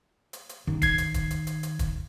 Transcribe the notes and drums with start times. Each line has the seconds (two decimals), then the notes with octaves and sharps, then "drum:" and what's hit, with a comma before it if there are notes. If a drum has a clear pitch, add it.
0.33 drum: hi-hat
0.49 drum: hi-hat
0.67 D#3 D#4
0.82 G#6 C7, drum: kick, hi-hat
0.98 drum: hi-hat
1.14 drum: kick, hi-hat
1.30 drum: hi-hat
1.47 drum: hi-hat
1.63 drum: hi-hat
1.79 drum: kick, hi-hat